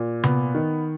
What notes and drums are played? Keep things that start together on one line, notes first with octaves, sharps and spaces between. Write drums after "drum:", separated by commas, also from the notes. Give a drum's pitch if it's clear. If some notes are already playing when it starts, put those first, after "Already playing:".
Already playing: A#2
B3, drum: tom C3
D#3